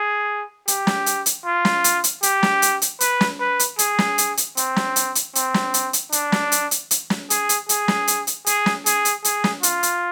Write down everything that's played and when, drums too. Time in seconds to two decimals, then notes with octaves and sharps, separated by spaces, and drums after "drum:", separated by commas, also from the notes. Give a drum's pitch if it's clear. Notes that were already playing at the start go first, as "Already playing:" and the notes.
Already playing: G#4
0.68 G4, drum: hi-hat
0.87 drum: snare
1.06 drum: hi-hat
1.26 drum: hi-hat
1.45 F4
1.65 drum: snare
1.84 drum: hi-hat
2.04 drum: hi-hat
2.23 G4, drum: hi-hat
2.43 drum: snare
2.62 drum: hi-hat
2.82 drum: hi-hat
3.00 B4, drum: hi-hat
3.21 drum: snare
3.40 B4
3.59 drum: hi-hat
3.79 G#4, drum: hi-hat
3.98 drum: snare
4.18 drum: hi-hat
4.37 drum: hi-hat
4.57 C4, drum: hi-hat
4.76 drum: snare
4.96 drum: hi-hat
5.15 drum: hi-hat
5.35 C4, drum: hi-hat
5.54 drum: snare
5.74 drum: hi-hat
5.93 drum: hi-hat
6.12 D4, drum: hi-hat
6.32 drum: snare
6.52 drum: hi-hat
6.71 drum: hi-hat
6.91 drum: hi-hat
7.10 drum: snare
7.30 G#4, drum: hi-hat
7.49 drum: hi-hat
7.69 G#4, drum: hi-hat
7.88 drum: snare
8.07 drum: hi-hat
8.27 drum: hi-hat
8.46 G#4, drum: hi-hat
8.66 drum: snare
8.86 G#4, drum: hi-hat
9.05 drum: hi-hat
9.24 G#4, drum: hi-hat
9.44 drum: snare
9.63 F4, drum: hi-hat
9.83 drum: hi-hat